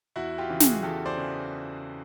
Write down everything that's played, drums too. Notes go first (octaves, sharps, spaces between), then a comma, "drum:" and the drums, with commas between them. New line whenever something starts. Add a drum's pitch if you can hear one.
E2 E4 F#4
F4 G4
C#3 E3
F#4 G#4, drum: snare
E2 G4 A4
C5 D5
C#3 E3